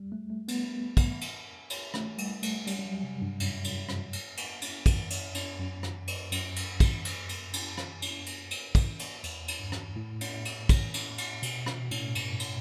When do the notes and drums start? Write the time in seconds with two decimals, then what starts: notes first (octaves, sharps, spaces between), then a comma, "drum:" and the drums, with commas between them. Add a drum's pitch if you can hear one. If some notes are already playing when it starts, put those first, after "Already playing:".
Already playing: G3
0.12 A3
0.30 A3
0.48 B3, drum: cymbal
0.97 drum: kick, cymbal
1.21 drum: cymbal
1.70 drum: cymbal
1.94 A3, drum: rim click
2.18 G3, drum: cymbal
2.43 A3, drum: cymbal
2.67 G3, drum: cymbal
2.79 G3
2.86 F#3
3.03 C3
3.22 G2
3.40 F#2, drum: cymbal
3.64 drum: cymbal
3.89 drum: rim click
4.13 drum: cymbal
4.37 drum: cymbal
4.62 drum: cymbal
4.86 F#2, drum: kick, cymbal
5.10 drum: cymbal
5.34 drum: cymbal
5.59 F#2
5.83 drum: rim click
6.07 drum: cymbal
6.32 F#2, drum: cymbal
6.56 drum: cymbal
6.80 drum: kick, cymbal
7.05 drum: cymbal
7.29 drum: cymbal
7.53 drum: cymbal
7.78 drum: rim click
8.02 drum: cymbal
8.26 drum: cymbal
8.51 drum: cymbal
8.75 drum: kick, cymbal
8.99 drum: cymbal
9.23 E2, drum: cymbal
9.48 drum: cymbal
9.60 G2
9.72 drum: rim click
9.96 A2
10.21 drum: cymbal
10.45 drum: cymbal
10.69 drum: kick, cymbal
10.94 drum: cymbal
11.18 drum: cymbal
11.42 B2, drum: cymbal
11.66 B2, drum: rim click
11.91 A2, drum: cymbal
12.15 G2, drum: cymbal
12.40 drum: cymbal